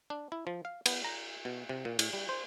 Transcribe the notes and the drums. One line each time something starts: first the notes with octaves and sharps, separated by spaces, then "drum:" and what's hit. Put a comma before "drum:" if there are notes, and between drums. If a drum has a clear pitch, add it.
D4
E4
F3
F5
B3, drum: cymbal
A#5
B2
C3
A#2
A2, drum: cymbal
G3
C5